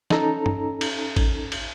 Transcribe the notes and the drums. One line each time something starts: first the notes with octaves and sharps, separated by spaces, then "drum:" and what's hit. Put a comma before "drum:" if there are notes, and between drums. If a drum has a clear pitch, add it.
C#4 D#4 A4 A#5, drum: snare
drum: tom G2
drum: cymbal
drum: kick G#1, cymbal
drum: cymbal